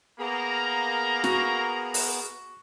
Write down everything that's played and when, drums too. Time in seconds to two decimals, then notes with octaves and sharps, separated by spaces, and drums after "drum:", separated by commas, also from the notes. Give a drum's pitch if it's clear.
0.19 A#3 B3 G#4 A#4 A#5
1.24 F#4, drum: snare
1.94 drum: open hi-hat